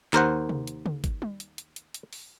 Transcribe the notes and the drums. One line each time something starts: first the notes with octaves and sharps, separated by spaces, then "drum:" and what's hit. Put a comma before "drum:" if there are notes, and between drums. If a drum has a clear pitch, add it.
D#2 A#4 C5 F#5, drum: clap
drum: tom C3
drum: hi-hat
drum: tom C#3
drum: kick, hi-hat
drum: tom G3
drum: hi-hat
drum: hi-hat
drum: hi-hat
drum: hi-hat
drum: open hi-hat